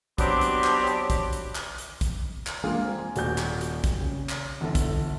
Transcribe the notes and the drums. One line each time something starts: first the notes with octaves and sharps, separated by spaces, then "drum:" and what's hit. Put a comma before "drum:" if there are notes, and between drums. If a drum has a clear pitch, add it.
F#3 B3 C4 D4 G4, drum: kick, hi-hat
drum: hi-hat
drum: clap
drum: hi-hat
drum: kick, hi-hat
drum: hi-hat
drum: clap
drum: hi-hat
drum: kick, hi-hat
drum: clap
G#3 A#3 D4 F4 G#4
C4 G#5
D#1 F#4 D5 G6, drum: hi-hat
drum: clap
drum: hi-hat
drum: kick, hi-hat
C#3
drum: clap
G1 D3 E4 A4
drum: kick, hi-hat